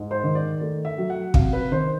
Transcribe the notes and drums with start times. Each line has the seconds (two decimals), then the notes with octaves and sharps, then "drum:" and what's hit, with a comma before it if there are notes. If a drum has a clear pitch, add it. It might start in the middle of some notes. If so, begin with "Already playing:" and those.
Already playing: G#2
0.11 C5
0.23 D#3
0.35 D5
0.61 A3
0.85 E5
0.98 F#3
1.10 F#5
1.34 C3 F5, drum: kick
1.53 B4
1.71 D#3 C5